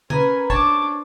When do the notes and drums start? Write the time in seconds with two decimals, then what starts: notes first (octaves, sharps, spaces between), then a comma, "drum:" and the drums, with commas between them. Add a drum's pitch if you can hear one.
0.10 C#4 A#4 B4 G#5, drum: tom
0.50 D4 C5 C#5 A5 D6, drum: kick